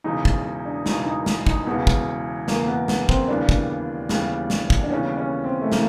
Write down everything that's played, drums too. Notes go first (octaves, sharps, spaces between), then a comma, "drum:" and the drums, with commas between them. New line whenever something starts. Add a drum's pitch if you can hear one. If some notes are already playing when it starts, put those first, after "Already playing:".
E1 E2 C#3 D#4
drum: kick
D4
E1 E2 C#3 D#4, drum: snare
D#4
drum: snare
D#4, drum: kick
E1 E2 C#3 B3
drum: kick
E1 E2 C#3 A#3, drum: snare
B3
B3, drum: snare
C4, drum: kick
D#2 C#3 E3 G3 B3 D4
drum: kick
D#2 C#3 E3 G3 B3, drum: snare
drum: snare
drum: kick
D4
D#2 C#3 E3 G3 B3 C#4
C#4
C4
A3
C#3 E3 A#3, drum: snare